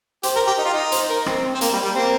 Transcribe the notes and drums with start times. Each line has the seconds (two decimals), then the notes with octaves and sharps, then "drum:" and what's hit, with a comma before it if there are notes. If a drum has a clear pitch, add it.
0.23 G4 C5, drum: hi-hat
0.36 A#4
0.47 G4
0.58 D#4
0.65 F4
0.74 D#4
0.92 C5, drum: hi-hat
1.10 A#4
1.26 C4, drum: rim click
1.54 C4
1.61 A#3, drum: hi-hat
1.73 G3
1.85 G3
1.95 A#3 C4